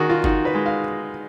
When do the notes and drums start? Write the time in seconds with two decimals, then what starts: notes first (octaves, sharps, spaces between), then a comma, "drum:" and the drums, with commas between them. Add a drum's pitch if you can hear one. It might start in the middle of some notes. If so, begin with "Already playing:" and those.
Already playing: D#3 D#4 F#4 G#4 A#4
0.10 F4
0.24 D#4 F#4, drum: kick G1
0.45 B4
0.55 G#3
0.66 F5